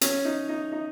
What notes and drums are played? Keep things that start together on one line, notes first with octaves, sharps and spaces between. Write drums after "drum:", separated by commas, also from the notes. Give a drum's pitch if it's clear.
C#4, drum: hi-hat
D#4
D#4
D#4